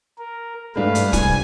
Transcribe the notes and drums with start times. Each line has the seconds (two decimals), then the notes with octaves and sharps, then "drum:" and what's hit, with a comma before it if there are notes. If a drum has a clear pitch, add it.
0.18 A#4
0.76 G2 G#3 A3 D4 B4 F5
0.95 drum: hi-hat
1.13 C3 F3 G#5, drum: kick, hi-hat